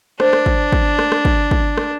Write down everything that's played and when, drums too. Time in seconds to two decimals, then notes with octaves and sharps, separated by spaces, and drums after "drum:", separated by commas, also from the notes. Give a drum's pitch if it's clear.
0.20 D4 C5, drum: rim click
0.33 drum: rim click
0.46 drum: kick
0.72 drum: kick
0.99 drum: rim click
1.12 drum: rim click
1.25 drum: kick
1.51 drum: kick
1.78 drum: rim click